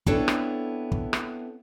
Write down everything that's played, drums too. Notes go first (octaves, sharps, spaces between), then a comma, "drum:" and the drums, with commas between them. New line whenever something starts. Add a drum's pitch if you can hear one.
B3 C4 D4 E4 A4 C#5, drum: kick
drum: rim click
drum: kick
drum: rim click